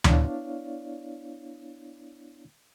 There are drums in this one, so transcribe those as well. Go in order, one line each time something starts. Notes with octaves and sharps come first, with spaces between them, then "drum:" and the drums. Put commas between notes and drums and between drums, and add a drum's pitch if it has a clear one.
B3 D4 E4 C#5 D5 F5, drum: tom D2